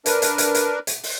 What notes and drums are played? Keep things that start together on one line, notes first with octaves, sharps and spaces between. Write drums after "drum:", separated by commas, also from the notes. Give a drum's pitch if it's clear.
D4 A#4 B4, drum: hi-hat
drum: hi-hat
drum: hi-hat
drum: hi-hat
drum: hi-hat
drum: open hi-hat